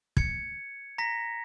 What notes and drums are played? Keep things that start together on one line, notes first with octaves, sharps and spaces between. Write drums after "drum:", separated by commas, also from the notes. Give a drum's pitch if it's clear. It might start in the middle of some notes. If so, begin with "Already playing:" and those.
G#6 C#7, drum: kick
A#5 A#6 B6